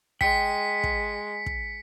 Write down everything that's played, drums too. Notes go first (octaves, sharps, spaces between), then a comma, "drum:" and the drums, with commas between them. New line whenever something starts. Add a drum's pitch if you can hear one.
G#3 G5 B6 C#7, drum: kick
drum: kick
drum: kick